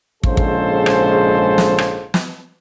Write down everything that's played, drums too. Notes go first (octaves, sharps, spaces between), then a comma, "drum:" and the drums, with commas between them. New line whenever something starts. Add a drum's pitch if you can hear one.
A#1 G#2 C#3 G#3 A4 C5, drum: kick
drum: kick
drum: rim click
drum: snare
drum: rim click
drum: snare